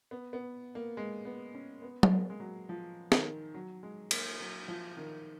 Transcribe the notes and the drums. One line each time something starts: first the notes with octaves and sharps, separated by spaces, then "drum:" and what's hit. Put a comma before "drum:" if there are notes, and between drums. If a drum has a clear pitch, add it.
B3
B3
A#3
G#3
B3
C#4
B3
G#3, drum: tom F#3
A#3
G#3
F#3
F3
D#3, drum: snare
F#3
G#3
A#3, drum: cymbal
F#3
F3
D#3